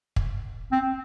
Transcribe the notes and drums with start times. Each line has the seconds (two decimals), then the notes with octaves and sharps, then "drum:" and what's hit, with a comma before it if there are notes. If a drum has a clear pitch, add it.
0.16 drum: kick
0.72 C4